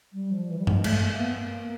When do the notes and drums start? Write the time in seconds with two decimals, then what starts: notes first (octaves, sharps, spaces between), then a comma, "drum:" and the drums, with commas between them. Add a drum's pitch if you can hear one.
0.13 G3
0.31 F3
0.50 E3
0.59 G3
0.67 G#3, drum: tom G2
0.84 A3, drum: cymbal
1.02 A#3
1.19 B3
1.37 A#3